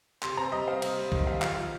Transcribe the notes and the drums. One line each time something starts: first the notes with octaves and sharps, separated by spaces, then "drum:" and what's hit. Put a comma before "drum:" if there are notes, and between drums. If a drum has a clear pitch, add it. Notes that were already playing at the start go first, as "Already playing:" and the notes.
C3 C6, drum: clap
C4 A#5
G3 D#5
C4 F5
C3, drum: cymbal
G3
D#3, drum: kick C2
G3 F5
F3 F5, drum: clap
F3